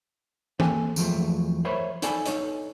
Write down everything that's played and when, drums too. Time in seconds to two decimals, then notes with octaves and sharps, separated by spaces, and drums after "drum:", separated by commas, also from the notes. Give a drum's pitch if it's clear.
0.60 A#3 A4 G5 G#5, drum: tom
0.96 E2 F3 F#3 A3, drum: tambourine
1.65 A#4 C5 C#5 E5 B5
2.02 D#4 A4 D5 G#5 A5 B5, drum: hi-hat
2.26 D#4 A4 C#5 D#5, drum: hi-hat